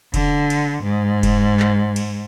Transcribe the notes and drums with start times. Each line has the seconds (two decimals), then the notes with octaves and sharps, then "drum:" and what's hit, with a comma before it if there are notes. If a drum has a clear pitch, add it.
0.14 D3, drum: kick F1, cymbal
0.50 drum: cymbal
0.83 G#2
1.23 drum: kick F1, cymbal
1.60 drum: clap
1.96 drum: cymbal